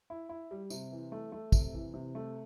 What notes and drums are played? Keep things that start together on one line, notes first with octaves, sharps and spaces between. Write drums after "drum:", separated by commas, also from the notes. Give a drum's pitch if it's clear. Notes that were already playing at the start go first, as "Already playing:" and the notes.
E4
E4
G3
C3, drum: tambourine
E3
A3
A3
C3, drum: kick, tambourine
E3
C3
A3